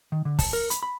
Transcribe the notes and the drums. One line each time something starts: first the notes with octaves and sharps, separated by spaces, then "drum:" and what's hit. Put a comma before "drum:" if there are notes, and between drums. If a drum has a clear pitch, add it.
D#3
D3
A5, drum: kick, open hi-hat
A#4
B5, drum: hi-hat
B5